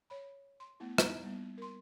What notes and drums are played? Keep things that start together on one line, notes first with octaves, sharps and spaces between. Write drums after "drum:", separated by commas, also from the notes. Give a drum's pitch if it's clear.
C#5 B5
C6
A3 B3 E4
D#4 E4 D#5 A#5 B5, drum: rim click
G3 A#3 B3
A#4 C6